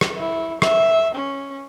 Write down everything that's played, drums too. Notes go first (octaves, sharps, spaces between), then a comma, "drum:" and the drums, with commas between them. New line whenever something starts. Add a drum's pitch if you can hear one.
drum: rim click
E4
E5, drum: rim click
C#4